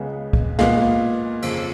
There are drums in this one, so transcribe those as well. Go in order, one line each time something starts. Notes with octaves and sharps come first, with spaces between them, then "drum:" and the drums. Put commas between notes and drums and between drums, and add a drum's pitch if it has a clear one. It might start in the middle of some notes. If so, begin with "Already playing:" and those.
Already playing: C#2 C#3 G#3 B3
drum: kick
A#2 G#3 B3 F5, drum: snare
F2 C#3 F3, drum: cymbal